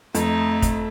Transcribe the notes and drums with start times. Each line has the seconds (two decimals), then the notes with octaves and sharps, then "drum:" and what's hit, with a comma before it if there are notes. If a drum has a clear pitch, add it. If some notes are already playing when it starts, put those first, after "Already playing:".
0.15 F2 A3 D#4, drum: hi-hat
0.62 drum: kick, hi-hat